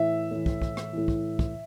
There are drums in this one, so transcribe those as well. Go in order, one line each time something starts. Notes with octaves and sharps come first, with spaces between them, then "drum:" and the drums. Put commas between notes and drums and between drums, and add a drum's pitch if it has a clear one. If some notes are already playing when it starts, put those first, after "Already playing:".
Already playing: A2 E3 E5
A2 E3
drum: kick
drum: kick
drum: rim click
A2 E3
drum: kick
drum: kick